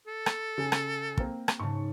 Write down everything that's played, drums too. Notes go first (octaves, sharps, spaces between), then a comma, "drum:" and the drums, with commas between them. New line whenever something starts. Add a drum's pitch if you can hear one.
A4
drum: rim click
C#3 G#5
drum: rim click
A#3 C4, drum: kick
drum: rim click
G#2 C#3 A5 C#6